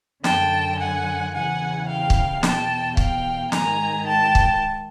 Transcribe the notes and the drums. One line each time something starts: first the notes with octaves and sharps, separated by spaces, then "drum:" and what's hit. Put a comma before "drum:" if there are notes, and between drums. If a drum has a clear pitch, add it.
F#2 D3 G5 A5, drum: snare
F#5 G#5
E2 C#3 E3 F#5 G#5
F5 G5
drum: kick
E2 B2 G5 A5, drum: snare
F5 G5, drum: kick
G#2 D#3 G#5 A#5, drum: snare
G5 A5
drum: kick